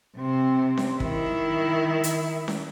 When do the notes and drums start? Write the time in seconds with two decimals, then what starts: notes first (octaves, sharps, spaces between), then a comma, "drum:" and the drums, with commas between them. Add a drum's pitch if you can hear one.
0.17 C3 C4
0.77 drum: snare C#4
1.00 D#3 E4, drum: kick
2.04 drum: hi-hat
2.48 drum: snare C#4